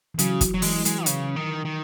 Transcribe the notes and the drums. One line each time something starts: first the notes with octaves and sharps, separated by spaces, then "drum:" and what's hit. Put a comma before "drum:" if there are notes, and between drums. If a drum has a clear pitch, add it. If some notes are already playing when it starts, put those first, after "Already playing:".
E3
C#3 F#3, drum: hi-hat
drum: kick, hi-hat
F#3
E3 G#3, drum: open hi-hat
G#3, drum: hi-hat
C#3, drum: hi-hat
D#3
D#3